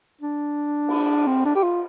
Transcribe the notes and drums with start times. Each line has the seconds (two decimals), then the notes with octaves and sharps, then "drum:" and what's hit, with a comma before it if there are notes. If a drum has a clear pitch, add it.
0.21 D4
0.88 drum: cymbal
1.27 C4
1.45 D4
1.55 G4
1.63 F4